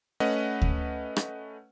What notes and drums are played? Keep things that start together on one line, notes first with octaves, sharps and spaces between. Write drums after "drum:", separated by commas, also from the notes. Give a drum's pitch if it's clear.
A3 C#4 B4 D#5 F#5
drum: kick D2
drum: rim click